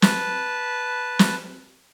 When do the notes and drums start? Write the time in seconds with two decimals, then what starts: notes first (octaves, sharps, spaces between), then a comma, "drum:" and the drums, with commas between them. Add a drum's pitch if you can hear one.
0.02 B4 A5, drum: snare
1.19 drum: snare